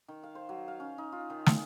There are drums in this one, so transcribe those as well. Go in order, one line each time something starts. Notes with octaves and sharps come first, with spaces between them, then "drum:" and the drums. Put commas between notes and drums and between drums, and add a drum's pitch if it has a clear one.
D#3
F5
C5
F#3
F5
C#4
D#4
F4
D#3
G#3, drum: snare